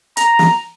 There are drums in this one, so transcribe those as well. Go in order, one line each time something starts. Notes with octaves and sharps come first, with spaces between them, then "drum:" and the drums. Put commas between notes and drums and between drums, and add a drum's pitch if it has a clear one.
A#5, drum: hi-hat
drum: snare